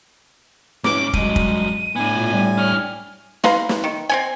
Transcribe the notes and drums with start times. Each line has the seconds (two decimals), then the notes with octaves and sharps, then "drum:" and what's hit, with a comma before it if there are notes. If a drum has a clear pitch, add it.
0.84 G#2 C#4 D6, drum: snare
1.13 G2 F#3 G#3 D#7, drum: kick
1.36 drum: kick
1.96 A2 B3 D4 G#5
2.14 A#2
2.33 G3
2.57 D4 C#5 F6
3.44 B4 F5 A#5 C6, drum: snare
3.69 drum: snare
3.84 D#3
4.09 C4 C#4 G#5